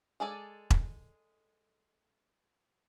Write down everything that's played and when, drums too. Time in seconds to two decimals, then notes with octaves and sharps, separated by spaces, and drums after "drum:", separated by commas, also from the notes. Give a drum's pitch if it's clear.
0.20 G#3 G#4 A4 D5
0.70 drum: kick E1